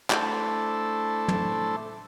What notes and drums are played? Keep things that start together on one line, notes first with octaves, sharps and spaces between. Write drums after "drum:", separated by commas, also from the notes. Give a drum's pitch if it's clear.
A3 D4 E4 A4 C5, drum: clap
drum: tom